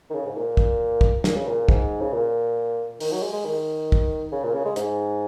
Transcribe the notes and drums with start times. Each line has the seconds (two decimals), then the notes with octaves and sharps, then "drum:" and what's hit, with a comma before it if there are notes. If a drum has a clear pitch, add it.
0.10 D#3
0.15 C#3
0.26 G#2
0.37 A#2
0.57 drum: kick
1.01 drum: kick
1.24 A#2, drum: snare
1.36 C#3
1.47 A#2
1.69 G#2, drum: kick
2.01 C#3
2.13 A#2
3.00 D#3, drum: open hi-hat
3.12 F#3
3.22 G#3
3.33 G#3
3.45 D#3
3.92 drum: kick
4.32 C#3
4.44 A#2
4.54 C#3
4.65 G#3
4.76 G#2, drum: hi-hat